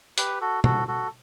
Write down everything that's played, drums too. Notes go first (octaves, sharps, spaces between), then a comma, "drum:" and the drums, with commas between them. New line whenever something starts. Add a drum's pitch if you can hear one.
G4 B4, drum: hi-hat
F#4 A4
F#4 A4, drum: tom
F#4 A4